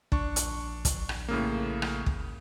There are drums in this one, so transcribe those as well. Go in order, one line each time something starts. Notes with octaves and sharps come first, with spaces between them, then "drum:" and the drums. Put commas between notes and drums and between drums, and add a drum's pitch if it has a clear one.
A#1 D4 C#6, drum: kick
drum: hi-hat
drum: kick, hi-hat
drum: rim click
A2 C#3 A#3
drum: rim click
drum: kick